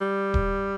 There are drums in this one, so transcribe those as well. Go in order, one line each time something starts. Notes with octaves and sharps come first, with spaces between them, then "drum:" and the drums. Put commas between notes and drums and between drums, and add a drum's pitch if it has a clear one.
G3
drum: kick D#1